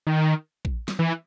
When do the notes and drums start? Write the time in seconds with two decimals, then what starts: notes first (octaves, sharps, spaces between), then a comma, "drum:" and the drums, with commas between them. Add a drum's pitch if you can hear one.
0.07 D#3
0.65 drum: kick A#1
0.88 drum: snare
0.99 E3